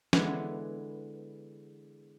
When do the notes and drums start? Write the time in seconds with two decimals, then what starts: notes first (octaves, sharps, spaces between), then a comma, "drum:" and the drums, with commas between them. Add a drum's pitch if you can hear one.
0.13 D3 E3 G#3 B3, drum: snare